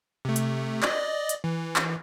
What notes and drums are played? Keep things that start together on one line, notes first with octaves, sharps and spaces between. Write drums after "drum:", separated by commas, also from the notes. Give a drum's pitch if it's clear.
C3 A3
drum: hi-hat
D5 D#5, drum: clap
drum: hi-hat
E3
drum: clap